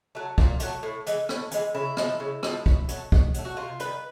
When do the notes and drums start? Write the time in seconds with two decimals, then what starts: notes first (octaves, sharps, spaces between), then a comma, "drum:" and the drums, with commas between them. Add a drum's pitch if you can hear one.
0.15 F#3 A3
0.38 A#2 A#3, drum: kick
0.60 F#3 A3, drum: hi-hat
0.83 A2
1.07 E3 G#3, drum: hi-hat
1.29 A2, drum: rim click
1.51 E3 G#3, drum: hi-hat
1.74 C#3 E4
1.97 F3 G#3, drum: rim click
2.20 C#3
2.43 F3 G#3, drum: rim click
2.66 B2, drum: kick
2.89 F#3 A3, drum: hi-hat
3.12 B2, drum: kick
3.34 F#3 A3, drum: hi-hat
3.45 F#4
3.57 C3 F4
3.80 D#3 G3 B4, drum: hi-hat